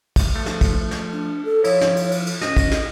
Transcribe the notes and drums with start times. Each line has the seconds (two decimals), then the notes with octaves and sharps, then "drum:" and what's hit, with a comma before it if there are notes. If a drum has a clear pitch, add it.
0.16 drum: kick, cymbal
0.36 F3 A3
0.46 drum: snare
0.61 drum: kick, cymbal
0.91 drum: snare
1.13 D4
1.45 A4
1.64 F3 E4 C#5, drum: cymbal
1.81 drum: snare
1.96 drum: cymbal
2.11 drum: cymbal
2.26 drum: cymbal
2.41 C#4 D#5, drum: snare
2.56 drum: kick, cymbal
2.72 drum: snare